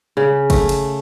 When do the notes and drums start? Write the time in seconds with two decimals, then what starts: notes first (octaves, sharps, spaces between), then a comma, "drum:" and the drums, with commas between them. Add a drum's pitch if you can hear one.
0.17 C#3
0.50 A3, drum: kick, cymbal
0.69 drum: cymbal